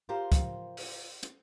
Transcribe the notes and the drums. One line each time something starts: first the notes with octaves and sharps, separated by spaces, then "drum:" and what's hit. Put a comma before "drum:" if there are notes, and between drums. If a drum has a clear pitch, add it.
F4 G4 A#4 C5
drum: kick, hi-hat
drum: open hi-hat
drum: hi-hat